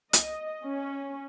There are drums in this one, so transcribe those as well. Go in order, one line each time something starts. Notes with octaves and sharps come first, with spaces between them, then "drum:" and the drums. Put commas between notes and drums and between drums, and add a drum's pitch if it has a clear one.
D#5, drum: hi-hat
C#4